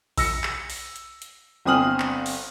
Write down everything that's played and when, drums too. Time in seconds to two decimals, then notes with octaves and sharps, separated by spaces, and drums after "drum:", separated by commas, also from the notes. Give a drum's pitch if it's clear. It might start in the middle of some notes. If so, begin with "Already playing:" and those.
0.18 E6 A#6 C#7, drum: kick A#1, open hi-hat
0.44 drum: clap
0.70 drum: open hi-hat
0.96 drum: hi-hat
1.22 drum: hi-hat
1.65 G1 C4 G#5 D#6 F6 F#7
2.00 drum: clap
2.26 drum: open hi-hat